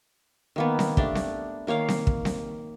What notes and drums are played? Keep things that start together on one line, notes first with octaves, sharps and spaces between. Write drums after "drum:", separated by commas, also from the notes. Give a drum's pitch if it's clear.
D#3 A#3 B3
drum: snare C4
A3 D4 G4, drum: kick
drum: snare C4
D#3 A#3 C#5 F5
drum: snare C4
drum: kick
drum: snare C4